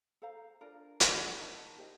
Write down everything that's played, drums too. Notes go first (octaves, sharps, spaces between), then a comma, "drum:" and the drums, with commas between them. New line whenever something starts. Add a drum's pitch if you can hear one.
A4 C5 F5 A#5
D4 F4 A#4 D5
D4 A4 D5, drum: hi-hat
D#4 A#4 D#5 A5
G4 C5 D#5